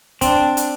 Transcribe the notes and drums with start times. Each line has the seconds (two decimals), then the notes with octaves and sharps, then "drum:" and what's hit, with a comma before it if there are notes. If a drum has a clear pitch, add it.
0.21 C4 D4, drum: kick, hi-hat
0.57 drum: hi-hat